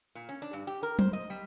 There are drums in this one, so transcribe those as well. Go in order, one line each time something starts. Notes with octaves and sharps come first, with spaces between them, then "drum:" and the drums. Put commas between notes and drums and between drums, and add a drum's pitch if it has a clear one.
A#2
C#4
D4
G2
G4
A#4
C5, drum: tom F#3
D#5
G3